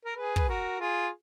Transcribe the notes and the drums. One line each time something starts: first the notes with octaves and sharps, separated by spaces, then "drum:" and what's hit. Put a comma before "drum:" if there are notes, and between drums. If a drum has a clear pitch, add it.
A#4
G#4 B4
B4, drum: kick
F#4 A#4
F4 G#4